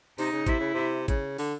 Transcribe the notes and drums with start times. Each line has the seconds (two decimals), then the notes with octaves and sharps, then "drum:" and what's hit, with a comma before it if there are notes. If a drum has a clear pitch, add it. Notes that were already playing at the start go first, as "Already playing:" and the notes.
0.18 C3 D#4, drum: open hi-hat
0.32 C#3
0.46 C3 E4, drum: kick, hi-hat
0.60 C#3
0.74 C3
1.08 C#3, drum: kick, hi-hat
1.38 D3, drum: open hi-hat